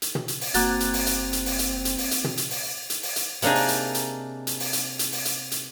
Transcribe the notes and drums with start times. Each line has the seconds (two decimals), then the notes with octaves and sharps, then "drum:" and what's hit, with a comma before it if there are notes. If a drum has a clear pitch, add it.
0.02 drum: hi-hat
0.15 drum: tom
0.28 drum: hi-hat
0.41 drum: open hi-hat
0.54 F#1 A#3 C4 F#4 F#5 A#5 F#6 A6, drum: hi-hat
0.80 drum: hi-hat
0.93 drum: open hi-hat
1.07 drum: hi-hat
1.33 drum: hi-hat
1.46 drum: open hi-hat
1.59 drum: hi-hat
1.85 drum: hi-hat
1.98 drum: open hi-hat
2.11 drum: hi-hat
2.24 drum: tom
2.37 drum: hi-hat
2.51 drum: open hi-hat
2.90 drum: hi-hat
3.03 drum: open hi-hat
3.16 drum: hi-hat
3.42 C3 A#3 D4 D#4 G#4, drum: hi-hat
3.55 drum: open hi-hat
3.68 drum: hi-hat
3.94 drum: hi-hat
4.47 drum: hi-hat
4.60 drum: open hi-hat
4.73 drum: hi-hat
4.99 drum: hi-hat
5.12 drum: open hi-hat
5.25 drum: hi-hat
5.52 drum: hi-hat